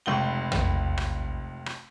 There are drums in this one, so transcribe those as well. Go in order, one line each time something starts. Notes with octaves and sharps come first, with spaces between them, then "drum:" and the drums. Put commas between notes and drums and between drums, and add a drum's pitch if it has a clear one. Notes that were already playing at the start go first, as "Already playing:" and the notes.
F1 C#2 G7
drum: tom
drum: rim click
drum: rim click